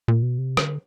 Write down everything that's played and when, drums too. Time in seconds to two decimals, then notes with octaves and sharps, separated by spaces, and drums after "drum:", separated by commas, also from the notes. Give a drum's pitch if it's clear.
0.08 A#2
0.23 B2
0.38 C3
0.57 D3, drum: rim click